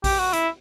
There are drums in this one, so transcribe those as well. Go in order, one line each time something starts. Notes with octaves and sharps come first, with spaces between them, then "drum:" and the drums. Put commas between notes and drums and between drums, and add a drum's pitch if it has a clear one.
G4, drum: kick A#1, open hi-hat
F#4
E4, drum: hi-hat